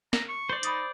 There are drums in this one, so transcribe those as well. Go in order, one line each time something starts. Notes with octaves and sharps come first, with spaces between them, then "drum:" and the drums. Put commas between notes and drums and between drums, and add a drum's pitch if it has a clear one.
A#5, drum: snare
C#6
C5 D5
D#4 B5 D#6 A6, drum: hi-hat